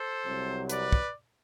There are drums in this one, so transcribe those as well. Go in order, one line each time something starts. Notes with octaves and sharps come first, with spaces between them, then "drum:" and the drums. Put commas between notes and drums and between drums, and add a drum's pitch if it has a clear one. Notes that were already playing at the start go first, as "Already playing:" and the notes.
Already playing: A4 C5
C2 C3 F#3
B4 D5, drum: hi-hat
drum: kick